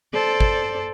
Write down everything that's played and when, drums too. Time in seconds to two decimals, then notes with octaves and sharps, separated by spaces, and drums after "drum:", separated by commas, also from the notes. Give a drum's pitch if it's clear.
0.13 A4 C5 D5
0.40 drum: kick